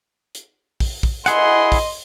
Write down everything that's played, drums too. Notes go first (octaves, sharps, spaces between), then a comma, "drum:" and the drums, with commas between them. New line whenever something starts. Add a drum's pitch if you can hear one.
drum: hi-hat
drum: kick, open hi-hat
drum: kick
E4 G#4 D#5 F#5 C6, drum: hi-hat
drum: kick, open hi-hat